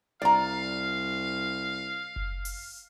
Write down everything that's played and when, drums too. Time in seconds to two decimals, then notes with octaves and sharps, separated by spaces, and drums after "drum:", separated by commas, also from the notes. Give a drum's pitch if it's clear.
0.22 C2 D5 F5 A#5
2.16 drum: kick F#1
2.45 drum: open hi-hat